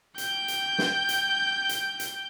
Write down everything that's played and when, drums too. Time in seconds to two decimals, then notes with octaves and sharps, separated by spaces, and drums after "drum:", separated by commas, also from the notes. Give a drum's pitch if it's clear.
0.18 G5 G6, drum: hi-hat
0.48 drum: hi-hat
0.78 drum: snare
1.09 drum: hi-hat
1.69 drum: hi-hat
2.00 drum: hi-hat